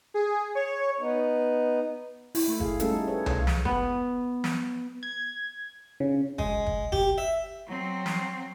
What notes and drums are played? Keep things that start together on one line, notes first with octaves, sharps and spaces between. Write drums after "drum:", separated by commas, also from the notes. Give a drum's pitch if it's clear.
G#4
C#5
B3 D#4
E4, drum: open hi-hat
A3
G#4 F5, drum: kick
G3 A3 C#4 D#4 G#4 A4, drum: hi-hat
G#4 B4 C#5
C#5 F5, drum: tom C2
drum: snare
B3, drum: kick
drum: snare
G#6
C#3
G#3, drum: kick
drum: kick
G4, drum: kick
E5
F#3 C4
drum: snare